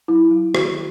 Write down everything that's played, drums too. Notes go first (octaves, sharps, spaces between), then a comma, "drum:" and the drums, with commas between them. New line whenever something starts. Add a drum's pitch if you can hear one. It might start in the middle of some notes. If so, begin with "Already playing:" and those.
F#3 E4
F#3
D#3 F#4, drum: rim click